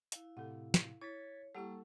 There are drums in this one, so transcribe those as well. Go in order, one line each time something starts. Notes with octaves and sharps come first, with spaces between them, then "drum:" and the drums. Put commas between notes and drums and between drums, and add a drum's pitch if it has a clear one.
E4 F5, drum: hi-hat
A2 C3 A4 F#5
drum: snare
E4 C#5 G#6 A6 B6
G3 A#3 E4 G4 A4 F#5 C#6